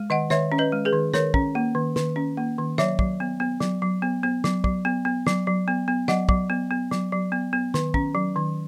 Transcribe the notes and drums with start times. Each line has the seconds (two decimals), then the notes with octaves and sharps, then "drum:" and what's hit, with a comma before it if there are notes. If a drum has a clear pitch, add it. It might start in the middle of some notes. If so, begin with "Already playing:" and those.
Already playing: G#3
0.10 D#3 D#5 F#5
0.30 D#3 C#5 E5, drum: snare
0.52 C#4
0.58 B4 D#5
0.72 G#3
0.85 G#4 B4
0.93 D#3
1.14 D#3 A#4 C#5, drum: snare
1.34 C#4, drum: kick
1.55 A#3
1.75 D#3
1.96 D#3, drum: snare
2.16 C#4
2.37 A#3
2.58 D#3
2.78 F#3 C#5 E5, drum: snare
2.99 F#3, drum: kick
3.20 B3
3.40 B3
3.61 F#3, drum: snare
3.82 F#3
4.02 B3
4.23 B3
4.44 F#3, drum: snare
4.64 F#3, drum: kick
4.85 B3
5.05 B3
5.26 F#3, drum: snare
5.47 F#3
5.68 B3
5.88 B3
6.08 F#3 D#5 F#5, drum: snare
6.29 F#3, drum: kick
6.50 B3
6.71 B3
6.91 F#3, drum: snare
7.12 F#3
7.32 B3
7.53 B3
7.74 D#3, drum: snare
7.94 C#4, drum: kick
8.15 F#3
8.36 D#3